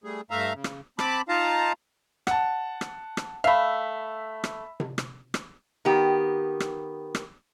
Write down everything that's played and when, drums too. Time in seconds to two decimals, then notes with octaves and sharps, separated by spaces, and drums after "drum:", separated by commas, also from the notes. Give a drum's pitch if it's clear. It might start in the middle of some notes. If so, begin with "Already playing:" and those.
0.04 G3 A3 G#4
0.30 G2 A3 E5 F5 A#5
0.54 C#3
0.64 drum: rim click
0.99 C4 A5 B5 D6, drum: rim click
1.29 D#4 F4 F5 A5 A#5
2.27 F#5 A5, drum: rim click
2.81 drum: rim click
3.17 drum: rim click
3.44 A3 E5 F5 B5
4.44 drum: rim click
4.80 drum: tom C3
4.98 drum: rim click
5.34 drum: rim click
5.85 D#3 B3 G4
6.60 drum: rim click
7.15 drum: rim click